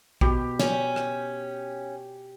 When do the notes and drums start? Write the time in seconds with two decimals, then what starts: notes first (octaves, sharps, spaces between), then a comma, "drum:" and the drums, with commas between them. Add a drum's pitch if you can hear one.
0.21 B2 G4, drum: kick
0.59 C#4, drum: snare
0.96 drum: rim click